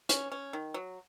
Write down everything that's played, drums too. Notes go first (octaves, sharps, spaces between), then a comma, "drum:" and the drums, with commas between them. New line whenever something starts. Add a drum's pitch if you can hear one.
C#4, drum: hi-hat
C#4
D#3
F#3